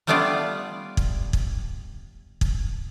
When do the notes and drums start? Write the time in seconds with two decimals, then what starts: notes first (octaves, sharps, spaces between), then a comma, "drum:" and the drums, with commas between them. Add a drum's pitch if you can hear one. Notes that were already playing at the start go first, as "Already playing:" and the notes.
0.07 G3 A3 B3 D4 F4 D5
0.97 drum: kick
1.33 drum: kick
2.41 drum: kick